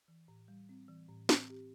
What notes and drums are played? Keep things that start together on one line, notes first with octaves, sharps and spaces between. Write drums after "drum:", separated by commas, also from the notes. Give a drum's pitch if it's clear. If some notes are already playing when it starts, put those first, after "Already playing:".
E3
A2
G3
C4
E3
A2
C4, drum: snare
G4